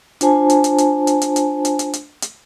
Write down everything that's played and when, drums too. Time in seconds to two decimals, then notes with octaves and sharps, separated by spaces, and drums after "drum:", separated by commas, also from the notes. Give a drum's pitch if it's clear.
0.21 D4 F4 C5 G#5 A5, drum: hi-hat
0.50 drum: hi-hat
0.64 drum: hi-hat
0.78 drum: hi-hat
1.07 drum: hi-hat
1.22 drum: hi-hat
1.36 drum: hi-hat
1.65 drum: hi-hat
1.79 drum: hi-hat
1.93 drum: hi-hat
2.22 drum: hi-hat